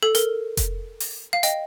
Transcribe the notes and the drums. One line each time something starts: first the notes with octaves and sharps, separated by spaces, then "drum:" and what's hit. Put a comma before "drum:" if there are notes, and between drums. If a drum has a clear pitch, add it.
A4
A#4, drum: hi-hat
drum: kick F1, hi-hat
drum: open hi-hat
F5
D#5 G5, drum: hi-hat